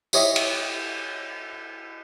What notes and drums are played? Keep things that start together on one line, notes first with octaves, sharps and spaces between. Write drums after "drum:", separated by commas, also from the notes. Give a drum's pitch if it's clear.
E4 G4 C#5 D#5 E5, drum: tambourine
drum: cymbal